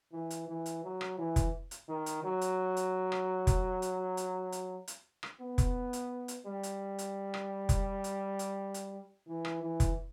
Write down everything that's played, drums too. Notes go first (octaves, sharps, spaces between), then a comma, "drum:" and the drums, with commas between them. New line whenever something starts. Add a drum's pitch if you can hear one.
E3
drum: hi-hat
E3
drum: hi-hat
F#3
drum: rim click
E3
drum: kick F1, hi-hat
drum: hi-hat
D#3
drum: hi-hat
F#3
drum: hi-hat
drum: hi-hat
drum: rim click
drum: kick F1, hi-hat
drum: hi-hat
drum: hi-hat
drum: hi-hat
drum: hi-hat
drum: rim click
B3
drum: kick F1, hi-hat
drum: hi-hat
drum: hi-hat
G3
drum: hi-hat
drum: hi-hat
drum: rim click
drum: kick F1, hi-hat
drum: hi-hat
drum: hi-hat
drum: hi-hat
E3
drum: rim click
E3
drum: kick F1, hi-hat